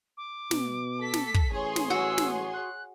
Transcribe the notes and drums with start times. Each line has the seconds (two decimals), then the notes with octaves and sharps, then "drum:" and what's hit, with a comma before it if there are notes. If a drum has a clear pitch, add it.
0.17 D6
0.51 B2, drum: snare
1.00 A4 B6
1.14 drum: snare
1.34 drum: kick
1.52 A1 G#4 C#5 C6
1.76 drum: snare
1.90 F#4 E6
2.18 drum: snare
2.54 F#6